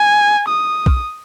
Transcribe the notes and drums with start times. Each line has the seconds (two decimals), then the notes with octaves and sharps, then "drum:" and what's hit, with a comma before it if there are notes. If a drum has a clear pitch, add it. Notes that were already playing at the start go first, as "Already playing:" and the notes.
Already playing: G#5
0.49 D#6
0.86 drum: kick